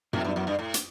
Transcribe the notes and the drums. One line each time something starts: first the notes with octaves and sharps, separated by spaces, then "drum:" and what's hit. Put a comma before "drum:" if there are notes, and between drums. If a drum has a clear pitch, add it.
A2 F#3 B3 E4, drum: tom F#2
G2
F#2
G2
A2
drum: hi-hat